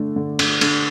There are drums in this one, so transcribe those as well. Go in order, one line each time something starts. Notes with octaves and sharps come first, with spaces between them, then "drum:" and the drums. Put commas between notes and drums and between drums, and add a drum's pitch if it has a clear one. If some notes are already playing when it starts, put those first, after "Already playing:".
Already playing: D3 A3 D4
D3
D3, drum: cymbal
D3, drum: cymbal